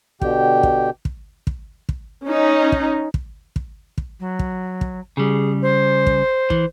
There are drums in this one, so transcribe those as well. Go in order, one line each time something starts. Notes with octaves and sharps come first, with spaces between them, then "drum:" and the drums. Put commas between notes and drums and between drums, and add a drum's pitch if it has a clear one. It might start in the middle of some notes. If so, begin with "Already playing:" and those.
B2 D3 G4 G5, drum: kick
drum: kick
drum: kick
drum: kick
drum: kick
C#4 D#4
drum: kick
drum: kick
drum: kick
drum: kick
F#3
drum: kick
drum: kick
C#3 G3 G#4
C5
drum: kick
E3, drum: kick